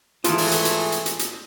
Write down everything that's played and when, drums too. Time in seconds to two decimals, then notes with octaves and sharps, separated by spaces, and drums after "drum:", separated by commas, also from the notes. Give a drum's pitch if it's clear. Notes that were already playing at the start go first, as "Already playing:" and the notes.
0.24 G#2 E3 A3 F4 G#4, drum: hi-hat
0.38 drum: open hi-hat
0.51 drum: hi-hat
0.65 drum: hi-hat
0.92 drum: hi-hat
1.06 drum: hi-hat
1.19 drum: hi-hat